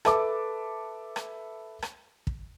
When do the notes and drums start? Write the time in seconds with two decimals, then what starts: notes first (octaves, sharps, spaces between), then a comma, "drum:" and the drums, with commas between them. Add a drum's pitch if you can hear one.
0.05 A4 B4 E5 A5 D6, drum: rim click
1.16 drum: rim click
1.82 drum: rim click
2.27 drum: kick